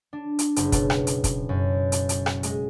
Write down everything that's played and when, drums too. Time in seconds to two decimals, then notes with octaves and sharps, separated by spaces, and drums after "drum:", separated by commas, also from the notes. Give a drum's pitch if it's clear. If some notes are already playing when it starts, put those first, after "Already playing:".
0.13 D4
0.39 drum: hi-hat
0.56 F#1, drum: hi-hat
0.72 B2, drum: kick, hi-hat
0.90 drum: rim click
1.07 drum: hi-hat
1.24 drum: kick, hi-hat
1.49 F#2
1.92 drum: hi-hat
2.09 drum: hi-hat
2.26 drum: rim click
2.43 G#3, drum: hi-hat